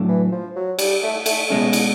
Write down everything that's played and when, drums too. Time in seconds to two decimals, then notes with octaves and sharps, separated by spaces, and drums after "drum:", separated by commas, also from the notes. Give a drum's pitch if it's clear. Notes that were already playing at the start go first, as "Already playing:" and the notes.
Already playing: A2 F#3 A3 D4
0.09 E3
0.24 E3
0.32 F3
0.56 F#3
0.79 G3, drum: cymbal
1.03 A3
1.26 A3, drum: cymbal
1.49 B2 G#3 A3 C#4
1.73 drum: cymbal